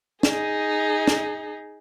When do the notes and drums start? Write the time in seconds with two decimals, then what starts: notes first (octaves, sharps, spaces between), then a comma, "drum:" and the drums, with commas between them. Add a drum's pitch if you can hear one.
0.23 D#4 G#4, drum: snare
1.07 drum: snare